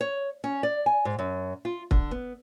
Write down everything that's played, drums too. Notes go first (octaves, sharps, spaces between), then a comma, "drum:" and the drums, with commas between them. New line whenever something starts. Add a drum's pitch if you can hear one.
C#5
C#4
D5
G#5
G#2
F#2
F4
D3, drum: kick
B3